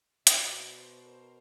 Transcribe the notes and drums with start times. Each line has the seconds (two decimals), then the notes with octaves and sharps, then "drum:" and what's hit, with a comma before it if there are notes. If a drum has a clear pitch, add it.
0.27 B2 D5 E5, drum: hi-hat
0.65 C5 D5
1.03 A#4 C5